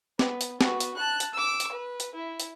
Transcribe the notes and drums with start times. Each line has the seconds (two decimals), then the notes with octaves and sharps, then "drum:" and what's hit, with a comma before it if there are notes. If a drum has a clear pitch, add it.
0.19 B3, drum: snare
0.41 drum: hi-hat
0.61 B3 F#4, drum: snare
0.80 drum: hi-hat
0.97 A5 F#6
1.20 drum: hi-hat
1.34 D6 E6
1.60 drum: hi-hat
1.72 B4
2.00 drum: hi-hat
2.15 E4
2.40 drum: hi-hat